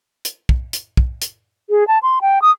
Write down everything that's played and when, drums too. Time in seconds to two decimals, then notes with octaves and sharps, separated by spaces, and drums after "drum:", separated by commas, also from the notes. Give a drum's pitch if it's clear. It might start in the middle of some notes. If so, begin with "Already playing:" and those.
0.25 drum: hi-hat
0.49 drum: kick
0.73 drum: hi-hat
0.97 drum: kick
1.22 drum: hi-hat
1.70 G#4
1.88 A5
2.03 C6
2.21 G5
2.42 D#6